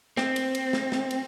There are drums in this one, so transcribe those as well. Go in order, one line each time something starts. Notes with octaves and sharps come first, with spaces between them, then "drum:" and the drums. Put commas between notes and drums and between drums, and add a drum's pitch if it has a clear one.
C4, drum: snare
drum: cymbal
drum: cymbal
drum: snare
drum: snare
drum: cymbal